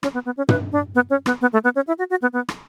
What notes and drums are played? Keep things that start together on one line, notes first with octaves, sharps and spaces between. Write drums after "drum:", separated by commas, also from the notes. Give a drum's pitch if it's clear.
C#4, drum: rim click
B3
B3
C#4
B4, drum: tom
D4
B3
C#4
B3, drum: rim click
B3
A3
B3
C#4
E4
F#4
F#4
B3
B3
drum: rim click